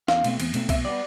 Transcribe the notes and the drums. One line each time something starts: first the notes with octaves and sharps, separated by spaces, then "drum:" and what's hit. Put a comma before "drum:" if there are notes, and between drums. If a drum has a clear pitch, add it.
E2 F5, drum: snare
B2 A3 C4, drum: cymbal
E2, drum: cymbal
B2 A3 C4, drum: cymbal
B2 E5, drum: kick B1, cymbal
G3 B3 D5